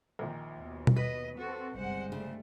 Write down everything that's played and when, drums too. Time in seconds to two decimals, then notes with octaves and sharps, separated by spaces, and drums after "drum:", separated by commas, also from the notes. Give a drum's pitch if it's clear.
0.19 A#1 A#2 D#3
0.55 D#2 B2
0.87 drum: tom B2
0.97 B4 D#5 B6
1.38 C4 F#4 A4
1.75 G1 C2 G#3 C5 F#5
2.12 C#3 G3 A3